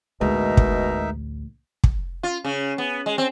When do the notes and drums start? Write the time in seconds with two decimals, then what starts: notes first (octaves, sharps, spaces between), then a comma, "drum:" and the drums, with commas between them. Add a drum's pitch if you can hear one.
0.21 A1 D2 B2 G#3 D#4 A#4 E5
0.57 drum: kick
1.84 drum: kick
2.23 F4
2.45 C#3
2.78 B3
3.06 G#3
3.18 C4